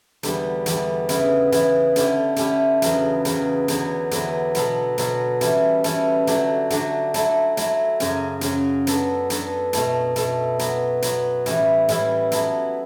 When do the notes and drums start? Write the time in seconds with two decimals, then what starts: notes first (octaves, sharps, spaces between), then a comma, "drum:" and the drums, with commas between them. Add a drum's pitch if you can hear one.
0.23 E2 D3 G3 B3, drum: hi-hat
0.66 E2 D3 G3 B3, drum: hi-hat
1.09 C#3 E3 B3 E4, drum: hi-hat
1.52 C#3 E3 B3 E4, drum: hi-hat
1.96 D3 A3 C#4 E4 G4, drum: hi-hat
2.36 D3 A3 C#4 E4 G4, drum: hi-hat
2.82 E2 C#3 F#3 B3, drum: hi-hat
3.25 E2 C#3 F#3 B3, drum: hi-hat
3.68 E2 D3 F#3 B3, drum: hi-hat
4.11 E2 D3 F#3 B3, drum: hi-hat
4.55 B2 F#3 B3 F#4 A4, drum: hi-hat
4.98 B2 F#3 B3 F#4 A4, drum: hi-hat
5.41 E3 G3 C#4 E4 A4, drum: hi-hat
5.84 E3 G3 C#4 E4 A4, drum: hi-hat
6.27 D3 F#3 A3 D4 F#4, drum: hi-hat
6.70 D3 F#3 A3 D4 F#4, drum: hi-hat
7.14 F#3 A3 E4 A4, drum: hi-hat
7.57 F#3 A3 E4 A4, drum: hi-hat
8.00 F#2 C#3 F#3 C#4, drum: hi-hat
8.41 F#2 C#3 F#3 C#4, drum: hi-hat
8.87 F#3 B3 D4 A4, drum: hi-hat
9.30 F#3 B3 D4 A4, drum: hi-hat
9.73 B2 A3 E4 A4, drum: hi-hat
10.16 B2 A3 E4 A4, drum: hi-hat
10.59 F#3 B3 F#4, drum: hi-hat
11.02 F#3 B3 F#4, drum: hi-hat
11.46 A2 E3 G3 C#4 E4, drum: hi-hat
11.88 A2 E3 G3 C#4 E4, drum: hi-hat
12.32 F#3 B3 E4 A4, drum: hi-hat